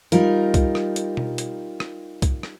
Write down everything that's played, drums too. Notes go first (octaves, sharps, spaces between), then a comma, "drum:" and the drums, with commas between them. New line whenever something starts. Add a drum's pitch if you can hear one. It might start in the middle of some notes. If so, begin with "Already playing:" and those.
G3 D#4 F4 A#4, drum: hi-hat
drum: kick, hi-hat
drum: rim click
drum: hi-hat
drum: tom B2
drum: hi-hat
drum: rim click
drum: kick, hi-hat
drum: rim click